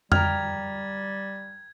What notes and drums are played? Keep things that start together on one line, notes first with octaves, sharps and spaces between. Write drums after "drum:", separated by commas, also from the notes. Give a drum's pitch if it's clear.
G3 A#4 G5 F6 G#6, drum: tom F2